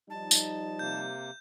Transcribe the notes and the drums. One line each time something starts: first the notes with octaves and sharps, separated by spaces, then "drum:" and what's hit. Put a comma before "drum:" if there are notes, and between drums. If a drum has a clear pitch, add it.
F3 G3 D#4 A5
drum: tambourine
C3 A#3 G6